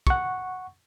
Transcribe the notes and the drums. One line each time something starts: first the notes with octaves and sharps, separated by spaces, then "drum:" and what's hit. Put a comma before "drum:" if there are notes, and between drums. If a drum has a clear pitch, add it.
F#5 C#6, drum: kick